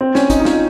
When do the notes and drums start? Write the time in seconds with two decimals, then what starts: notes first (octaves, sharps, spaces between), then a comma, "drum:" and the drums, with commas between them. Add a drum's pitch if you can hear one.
0.01 C4
0.15 C#4, drum: snare
0.30 D#4, drum: kick, hi-hat
0.40 D#4
0.45 F4, drum: snare